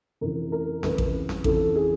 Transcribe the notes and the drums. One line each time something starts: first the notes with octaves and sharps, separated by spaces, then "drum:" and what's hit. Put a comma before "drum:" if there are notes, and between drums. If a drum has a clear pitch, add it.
F2 C#3 E3 A#4
A#4
F2 C#3 E3 B4, drum: snare
drum: kick A1
drum: snare
F2 C#3 E3 A4, drum: kick A1
G#4